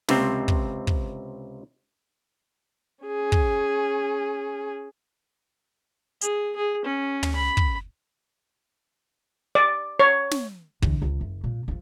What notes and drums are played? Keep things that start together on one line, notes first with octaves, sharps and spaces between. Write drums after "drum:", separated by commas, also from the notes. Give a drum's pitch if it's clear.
C#2 C3 C4, drum: snare
drum: kick
drum: kick
C#4 G#4
drum: kick
G#4, drum: hi-hat
G#4
C#4
drum: tom
B5
drum: kick
D5
C#5
drum: snare
E2 D3, drum: kick
C#2
F#1
A#2
D#3 F3